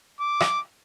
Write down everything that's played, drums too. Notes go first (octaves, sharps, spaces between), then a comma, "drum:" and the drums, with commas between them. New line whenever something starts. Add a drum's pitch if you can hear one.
D6
drum: rim click